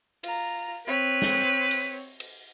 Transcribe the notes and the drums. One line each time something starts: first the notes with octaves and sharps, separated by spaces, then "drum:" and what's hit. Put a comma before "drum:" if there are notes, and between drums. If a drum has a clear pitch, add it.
F4 A#5, drum: cymbal
C4 B4 C#5
drum: snare
drum: cymbal
drum: cymbal